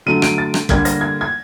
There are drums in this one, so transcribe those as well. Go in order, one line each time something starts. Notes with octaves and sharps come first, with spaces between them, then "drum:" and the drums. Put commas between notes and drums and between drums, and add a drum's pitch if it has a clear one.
D3 F#3 A3 D#7
D7, drum: rim click
A6
drum: rim click
D3 G3 A#3 G#6, drum: kick
A#6, drum: hi-hat
G#6
G#6